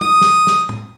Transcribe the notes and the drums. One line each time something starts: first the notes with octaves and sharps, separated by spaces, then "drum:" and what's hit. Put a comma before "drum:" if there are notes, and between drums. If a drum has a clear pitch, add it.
D#6, drum: tom
drum: snare
drum: snare
drum: tom A2